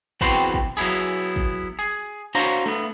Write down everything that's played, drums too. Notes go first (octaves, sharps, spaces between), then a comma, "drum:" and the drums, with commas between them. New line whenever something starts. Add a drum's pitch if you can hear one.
E2 C4 F#4 B4 G5 C6, drum: kick
drum: kick
F#3 B3 E4 G#4
drum: kick
G#4
D4 F#4 C5 C#5 F5 A#5
A3 B3